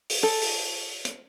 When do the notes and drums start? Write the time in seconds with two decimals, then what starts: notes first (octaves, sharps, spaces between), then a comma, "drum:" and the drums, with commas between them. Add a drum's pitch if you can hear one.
0.10 drum: open hi-hat
0.23 G#4 A4
0.42 drum: open hi-hat
1.05 drum: hi-hat